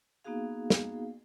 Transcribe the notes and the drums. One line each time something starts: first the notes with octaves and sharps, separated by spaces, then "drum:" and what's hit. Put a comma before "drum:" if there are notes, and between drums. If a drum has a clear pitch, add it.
A#3 B3 D#4 F#4 G#4 F5
drum: snare